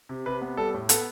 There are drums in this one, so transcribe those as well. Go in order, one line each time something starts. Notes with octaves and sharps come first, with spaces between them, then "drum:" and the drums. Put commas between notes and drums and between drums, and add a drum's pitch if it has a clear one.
C3
C3 B4
B3
G3 A4
A2
B3 A4, drum: hi-hat